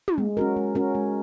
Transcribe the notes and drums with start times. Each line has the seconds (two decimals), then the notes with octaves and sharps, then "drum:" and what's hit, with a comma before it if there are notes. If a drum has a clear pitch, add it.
0.08 drum: tom
0.18 G#3
0.37 C#4 F#4 A#4
0.57 G#3
0.75 C#4 F#4 A#4
0.95 G#3